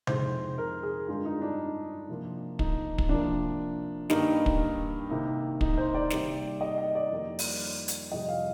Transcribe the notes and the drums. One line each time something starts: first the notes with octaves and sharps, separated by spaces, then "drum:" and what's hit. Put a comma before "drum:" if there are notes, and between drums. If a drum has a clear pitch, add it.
F2 C3 D#3 G#3 C5, drum: tom C3
A#4
G#4
G2 D3 G#3 F4
D#4
D4
C3 F3 A#3
D#4, drum: kick
drum: kick
C3 F3 A#3 D4
G2 D#3 G3 A#3 D#4, drum: snare
drum: kick
C3 D#3 A#3
D#4, drum: kick
C5
D5
C3 D#3 G3 A#3, drum: snare
D#5
D#5
D5
F2 D#3 G3 A#3
drum: open hi-hat
drum: hi-hat
F2 C3 G3 D#5
F5